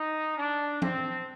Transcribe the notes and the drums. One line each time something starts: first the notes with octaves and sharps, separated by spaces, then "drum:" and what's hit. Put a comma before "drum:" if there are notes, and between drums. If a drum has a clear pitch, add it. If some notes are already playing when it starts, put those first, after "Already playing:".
Already playing: D#4
D4
C4, drum: tom F3